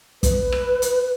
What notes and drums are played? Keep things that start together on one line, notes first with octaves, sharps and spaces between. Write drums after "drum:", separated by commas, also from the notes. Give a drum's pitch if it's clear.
B4, drum: kick, hi-hat
drum: rim click
drum: hi-hat